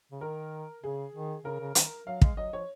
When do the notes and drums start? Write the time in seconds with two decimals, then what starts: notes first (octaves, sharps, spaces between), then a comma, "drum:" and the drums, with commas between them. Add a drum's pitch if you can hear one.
0.12 C#3
0.21 D#3 A#4
0.84 C#3 G#4
1.14 D#3
1.44 C#3 A#4
1.60 C#3
1.75 D#3, drum: hi-hat
2.07 F#3 F5
2.21 G#3, drum: kick
2.37 F#3 D#5
2.53 F3 C#5